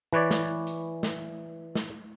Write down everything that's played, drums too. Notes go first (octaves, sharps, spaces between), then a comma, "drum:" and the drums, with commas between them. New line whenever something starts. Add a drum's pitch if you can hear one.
E3 B4 C#5 D5
drum: snare
drum: hi-hat
drum: snare
drum: snare